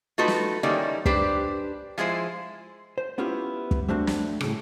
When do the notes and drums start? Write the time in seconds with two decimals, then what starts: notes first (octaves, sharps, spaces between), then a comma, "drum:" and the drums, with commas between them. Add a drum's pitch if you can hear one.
0.18 A3 D#4 F4 F#4 A4 B4
0.28 drum: snare
0.63 D#3 G3 A#3 C#4 E4
1.06 D4 G4 B4 C5, drum: kick
1.98 F3 G#3 E4 C5
2.98 C5
3.18 B3 C#4 E4 F4 G4
3.71 drum: kick
3.88 G3 A3 C4 D4 F#4
4.07 drum: snare
4.41 A2 C#3, drum: rim click